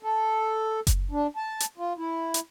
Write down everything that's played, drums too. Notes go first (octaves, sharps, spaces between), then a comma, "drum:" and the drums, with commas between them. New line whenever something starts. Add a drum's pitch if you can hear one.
A4
drum: kick F#1, hi-hat
D4
A5
drum: hi-hat
F4
E4
drum: hi-hat